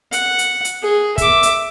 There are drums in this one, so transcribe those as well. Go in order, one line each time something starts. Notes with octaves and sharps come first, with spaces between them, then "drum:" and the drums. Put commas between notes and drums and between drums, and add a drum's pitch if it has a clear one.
F#5, drum: hi-hat
drum: hi-hat
drum: hi-hat
G#4
E5 D6, drum: kick, hi-hat
drum: hi-hat